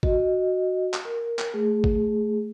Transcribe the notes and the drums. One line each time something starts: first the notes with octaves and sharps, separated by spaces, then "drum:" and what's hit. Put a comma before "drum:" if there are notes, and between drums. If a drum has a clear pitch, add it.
F#4 D#5, drum: kick
drum: clap
A#4
drum: clap
A3 G#4
drum: kick